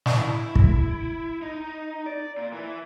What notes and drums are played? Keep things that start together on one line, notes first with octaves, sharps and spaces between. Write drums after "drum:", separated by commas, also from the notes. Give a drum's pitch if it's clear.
drum: snare
E4
drum: kick
D#4
D5
A#2
E3